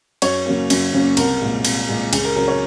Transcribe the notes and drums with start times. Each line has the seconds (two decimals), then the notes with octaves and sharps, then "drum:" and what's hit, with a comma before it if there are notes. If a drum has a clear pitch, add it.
0.22 F#2 C#5, drum: cymbal
0.46 C#3 F#3 A#3 C#4
0.70 F#2, drum: cymbal
0.94 C#3 F#3 A#3 C#4
1.17 C2 A#4, drum: cymbal
1.42 A#2 G#3
1.65 C2, drum: cymbal
1.89 A#2 G#3
2.13 C#2 G#4, drum: cymbal
2.25 A#4
2.36 C#3 F#3 C#4 A#4
2.48 C#5